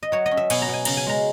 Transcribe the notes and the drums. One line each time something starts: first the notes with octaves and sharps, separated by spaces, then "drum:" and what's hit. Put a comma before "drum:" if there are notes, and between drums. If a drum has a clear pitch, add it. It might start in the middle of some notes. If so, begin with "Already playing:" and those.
D#5
F#3 C#5
D#5
C#4
E5
B2 G#5, drum: cymbal
A#5
B2 G#5
C#3 A#5, drum: cymbal
G#5
G#3 A#5